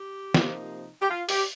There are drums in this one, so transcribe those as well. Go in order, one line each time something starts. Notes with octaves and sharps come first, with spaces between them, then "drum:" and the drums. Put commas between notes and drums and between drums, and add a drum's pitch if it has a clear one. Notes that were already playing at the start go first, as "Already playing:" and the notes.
Already playing: G4
C3 F3 A#3 D#4, drum: snare
G4
F4
G4, drum: open hi-hat